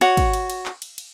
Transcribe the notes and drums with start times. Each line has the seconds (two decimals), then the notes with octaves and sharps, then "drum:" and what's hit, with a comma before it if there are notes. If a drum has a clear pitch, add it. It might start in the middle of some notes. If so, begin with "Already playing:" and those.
0.01 F#4 C#5, drum: cymbal
0.17 drum: kick, cymbal
0.33 drum: cymbal
0.50 drum: cymbal
0.66 drum: clap
0.82 drum: cymbal
0.98 drum: cymbal